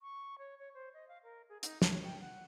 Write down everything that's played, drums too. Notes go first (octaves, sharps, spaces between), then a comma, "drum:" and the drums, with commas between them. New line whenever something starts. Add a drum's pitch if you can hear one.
C#6
C#5
C#5
C5
D#5
F5
A#4
G#4
D#4, drum: hi-hat
C#5, drum: snare
G5
F#5